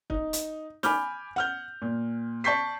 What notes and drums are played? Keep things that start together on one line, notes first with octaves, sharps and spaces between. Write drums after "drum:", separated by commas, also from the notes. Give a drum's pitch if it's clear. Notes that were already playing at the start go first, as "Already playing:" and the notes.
D#4, drum: kick
drum: hi-hat
G#5 B5 D6 F6 G6, drum: snare
F#5 F6 G6
A#2
D5 A5 C#6 G6 B6 C7